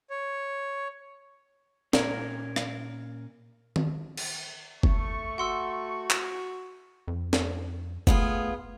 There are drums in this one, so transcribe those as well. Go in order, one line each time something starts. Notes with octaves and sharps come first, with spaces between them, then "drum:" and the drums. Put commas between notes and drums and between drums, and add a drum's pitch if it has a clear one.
C#5
A#2 A#3 C#4 A#4, drum: snare
drum: rim click
drum: tom D#3
drum: cymbal
A3 C#6, drum: kick
F#4 F#5 C6 E6
drum: clap
F2
drum: snare
A3 B3 F4 G#4, drum: kick